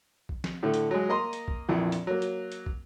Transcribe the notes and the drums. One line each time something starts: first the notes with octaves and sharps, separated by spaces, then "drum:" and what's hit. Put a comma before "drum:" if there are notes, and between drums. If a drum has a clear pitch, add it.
drum: kick
drum: snare
A2 D3 A3
drum: hi-hat
F#3 G#3
A#3 D#5 A#5 C6
drum: hi-hat
drum: kick
A#1 F2 E3
drum: hi-hat
F#3 A#3
drum: hi-hat
drum: hi-hat
drum: kick